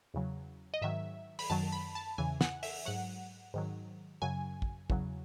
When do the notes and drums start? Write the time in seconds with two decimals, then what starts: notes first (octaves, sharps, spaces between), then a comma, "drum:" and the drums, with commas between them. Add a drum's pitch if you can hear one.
0.14 E2 C#3 F#3
0.74 D#5
0.81 G#2 D#3 F#3 E5
1.39 B5, drum: open hi-hat
1.50 F#2 D#3 F#3 A5
1.72 B5
1.95 A5
2.18 E2 C#3 E3 G#5
2.41 F#5, drum: snare
2.63 E5, drum: open hi-hat
2.85 G#2 F#3 F#5
3.54 G#2 D#3 F#3
4.22 F#2 C#3 F#3 G#5
4.62 drum: kick
4.90 E2 C#3 F#3, drum: kick